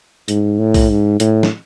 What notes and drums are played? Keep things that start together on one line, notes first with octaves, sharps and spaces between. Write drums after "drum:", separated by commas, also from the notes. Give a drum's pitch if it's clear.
G#2, drum: hi-hat
A2
drum: kick B1, open hi-hat
G#2
A2, drum: hi-hat
drum: snare